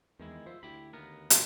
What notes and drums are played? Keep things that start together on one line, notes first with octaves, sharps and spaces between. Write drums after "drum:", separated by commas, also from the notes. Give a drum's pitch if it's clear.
E2 D#3 G#3 E4
F3 C5 E5
D2 E4 G4 B5
D#2 B3 A#4
G1 B2 D3, drum: hi-hat